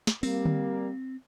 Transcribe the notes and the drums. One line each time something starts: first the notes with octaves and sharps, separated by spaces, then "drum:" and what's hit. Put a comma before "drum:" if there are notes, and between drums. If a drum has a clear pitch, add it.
drum: snare
G3 A#3 C4, drum: open hi-hat
drum: tom D3